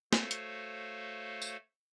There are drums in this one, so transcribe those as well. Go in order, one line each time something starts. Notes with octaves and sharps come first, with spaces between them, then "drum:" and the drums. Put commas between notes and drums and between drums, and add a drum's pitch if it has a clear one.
A3 F#4 A4 C5 C#5 F5, drum: snare
drum: hi-hat
drum: tambourine